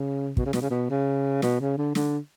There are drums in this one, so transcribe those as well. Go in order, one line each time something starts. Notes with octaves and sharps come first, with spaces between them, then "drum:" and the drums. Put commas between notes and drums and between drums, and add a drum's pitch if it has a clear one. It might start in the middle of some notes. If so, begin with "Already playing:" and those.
Already playing: C#3
B2, drum: kick
C#3
B2, drum: snare
C#3
B2
C#3
B2, drum: snare
C#3
D3
D3, drum: snare